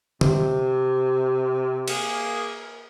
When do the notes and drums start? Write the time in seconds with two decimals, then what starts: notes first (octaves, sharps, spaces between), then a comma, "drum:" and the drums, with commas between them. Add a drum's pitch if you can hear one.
0.21 C3, drum: tom
1.88 A#3 G#4, drum: cymbal